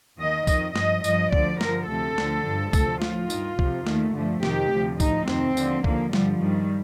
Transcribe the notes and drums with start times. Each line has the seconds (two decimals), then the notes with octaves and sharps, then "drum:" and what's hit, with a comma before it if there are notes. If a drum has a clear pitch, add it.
0.19 D#2 D#3 D#5
0.47 F2 D#3 D#5, drum: kick, tambourine
0.76 G2 F3 D#5, drum: snare
1.04 G2 F3 D#5, drum: tambourine
1.33 D2 D3 F3 D5, drum: kick
1.61 G2 D3 F3 A#4, drum: snare
1.89 D2 C3 F3 A4
2.18 D2 D3 F3, drum: snare
2.46 G2 F3
2.73 D2 C3 F3 A4, drum: kick, tambourine
3.02 A2 F3 F4, drum: snare
3.30 D#3, drum: tambourine
3.35 G2
3.59 F2 C3 F3, drum: kick
3.87 D#2 D#3 A3, drum: snare
4.15 G2 D3 F3 A3
4.43 F2 C3 D#3 G4, drum: snare
4.72 D2 C3 F3
5.00 A2 F3 D#4, drum: kick, tambourine
5.28 F2 C3 D#3 C4, drum: snare
5.57 D#2 D3 F3, drum: tambourine
5.84 D#2 D3 F3 A#3, drum: kick
6.13 G2 D3 F3 G3, drum: snare
6.41 G2 D#3 G3